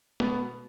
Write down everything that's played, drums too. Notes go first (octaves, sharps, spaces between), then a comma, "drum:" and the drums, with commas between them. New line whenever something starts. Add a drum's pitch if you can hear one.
B2 B3, drum: tom